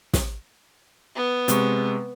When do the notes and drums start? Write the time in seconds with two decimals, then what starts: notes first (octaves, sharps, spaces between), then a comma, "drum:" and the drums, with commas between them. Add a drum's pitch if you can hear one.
0.14 drum: snare
1.16 B3
1.48 C3 G#3 C#6, drum: hi-hat